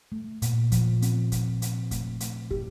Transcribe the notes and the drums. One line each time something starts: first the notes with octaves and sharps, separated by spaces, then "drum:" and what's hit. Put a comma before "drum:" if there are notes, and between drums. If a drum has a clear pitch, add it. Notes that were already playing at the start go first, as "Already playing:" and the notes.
A3
A#2, drum: hi-hat
F3, drum: kick, hi-hat
C4, drum: hi-hat
F3, drum: kick, hi-hat
C4, drum: hi-hat
A3, drum: kick, hi-hat
A3, drum: hi-hat
G4, drum: kick